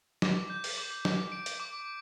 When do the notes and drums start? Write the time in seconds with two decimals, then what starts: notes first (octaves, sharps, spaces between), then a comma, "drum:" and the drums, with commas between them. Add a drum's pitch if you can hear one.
0.22 D6, drum: snare
0.50 G6
0.64 drum: open hi-hat
0.78 D6
1.05 D6, drum: snare
1.32 D7
1.46 drum: hi-hat
1.60 D6